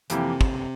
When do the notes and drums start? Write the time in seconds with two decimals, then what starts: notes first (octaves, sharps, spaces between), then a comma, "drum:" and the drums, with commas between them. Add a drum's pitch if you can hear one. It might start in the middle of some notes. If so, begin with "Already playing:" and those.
0.10 F2 C3 E3 A#3 E4 G4, drum: hi-hat
0.41 drum: kick